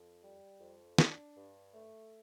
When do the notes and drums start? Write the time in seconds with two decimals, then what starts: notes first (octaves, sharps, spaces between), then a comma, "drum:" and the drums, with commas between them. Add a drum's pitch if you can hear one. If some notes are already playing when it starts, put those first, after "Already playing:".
Already playing: F2
0.22 G3
0.60 F2
0.98 D4, drum: snare
1.36 G2
1.74 A3